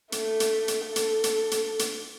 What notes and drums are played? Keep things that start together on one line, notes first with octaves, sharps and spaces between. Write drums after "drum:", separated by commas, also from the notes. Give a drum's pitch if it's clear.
A3, drum: hi-hat
drum: hi-hat
drum: hi-hat
A4
drum: hi-hat
drum: hi-hat
drum: hi-hat
drum: hi-hat